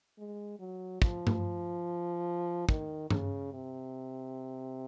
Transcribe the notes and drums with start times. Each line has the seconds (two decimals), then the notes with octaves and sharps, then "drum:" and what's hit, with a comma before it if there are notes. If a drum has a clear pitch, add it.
0.18 G#3
0.60 F#3
1.02 F3, drum: kick
1.27 drum: tom G2
2.69 D#3, drum: kick
3.10 C#3, drum: tom G2
3.53 C3